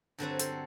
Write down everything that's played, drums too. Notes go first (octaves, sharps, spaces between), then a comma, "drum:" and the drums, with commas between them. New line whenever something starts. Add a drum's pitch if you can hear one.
G2 D3 F#3 C4 F#4 A4
A4 C5, drum: hi-hat